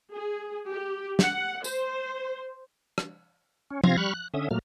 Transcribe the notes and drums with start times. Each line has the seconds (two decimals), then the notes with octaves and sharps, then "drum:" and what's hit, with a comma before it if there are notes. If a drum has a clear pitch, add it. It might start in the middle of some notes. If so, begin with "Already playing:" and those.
0.11 G#4
0.70 G4
1.19 F#5, drum: snare
1.64 C5, drum: tambourine
2.98 drum: rim click
3.71 C#4
3.84 C3 C4 F4 F5 G#6 A#6, drum: tom F3
3.97 G3 B5 C#6 F6 F#6
4.14 F#6
4.34 D3 C#4 E5 D#6
4.51 A#2 F#3 A3 A#3 F6